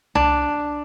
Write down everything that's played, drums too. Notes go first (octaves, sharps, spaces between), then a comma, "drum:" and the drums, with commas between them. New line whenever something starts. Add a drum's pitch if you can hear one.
D4, drum: tom C2